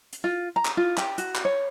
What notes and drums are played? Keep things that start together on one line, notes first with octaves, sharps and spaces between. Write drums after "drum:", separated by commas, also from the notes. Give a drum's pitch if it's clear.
drum: hi-hat
F4
A#5
drum: clap
F4
G4, drum: clap
F#4, drum: hi-hat
drum: clap
C#5